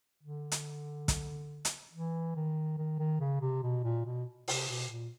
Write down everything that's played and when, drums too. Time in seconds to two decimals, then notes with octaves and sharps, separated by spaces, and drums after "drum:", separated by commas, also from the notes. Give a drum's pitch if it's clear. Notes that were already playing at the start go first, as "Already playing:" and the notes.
0.23 D3
0.52 drum: hi-hat
1.08 drum: kick, hi-hat
1.65 drum: hi-hat
1.93 E3
2.36 D#3
2.78 D#3
2.99 D#3
3.20 C#3
3.41 C3
3.63 B2
3.84 A#2
4.06 B2
4.48 C3, drum: open hi-hat
4.69 B2
4.90 A#2